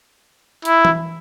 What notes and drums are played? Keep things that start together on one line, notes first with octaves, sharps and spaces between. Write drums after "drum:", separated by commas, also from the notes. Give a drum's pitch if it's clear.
E4, drum: hi-hat
drum: tom E3